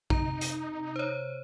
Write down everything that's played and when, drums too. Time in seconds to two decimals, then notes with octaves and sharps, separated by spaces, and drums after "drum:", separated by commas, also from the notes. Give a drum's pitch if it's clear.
0.10 C3 D#4 A#5, drum: kick A#1
0.41 drum: hi-hat
0.96 C5 C#5